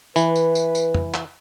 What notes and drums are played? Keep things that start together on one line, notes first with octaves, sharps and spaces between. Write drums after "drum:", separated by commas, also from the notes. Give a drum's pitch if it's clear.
E3 B4, drum: tambourine
drum: tambourine
drum: tambourine
drum: tambourine
drum: tom
drum: clap